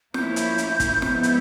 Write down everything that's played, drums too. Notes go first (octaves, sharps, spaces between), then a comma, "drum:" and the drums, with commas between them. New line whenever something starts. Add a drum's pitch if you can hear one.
F3 A#3 C#4 E4 G6, drum: snare
drum: hi-hat
drum: hi-hat
drum: kick, hi-hat
F3 G#3 B3 E4, drum: snare
drum: hi-hat